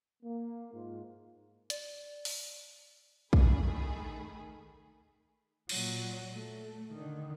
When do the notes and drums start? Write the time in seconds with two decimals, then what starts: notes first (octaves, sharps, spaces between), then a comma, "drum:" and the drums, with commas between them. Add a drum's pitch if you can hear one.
0.23 A#3
0.72 G#2 F4
1.70 D5, drum: hi-hat
2.25 drum: open hi-hat
3.33 D#3 A3 G#4 B5, drum: kick
5.69 A#2 F#3, drum: cymbal
6.34 A3
6.94 D3 D#3